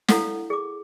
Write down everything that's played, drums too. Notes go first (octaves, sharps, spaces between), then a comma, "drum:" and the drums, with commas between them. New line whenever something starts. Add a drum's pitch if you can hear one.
E4 A4 F5 F#5, drum: snare
G#4 D6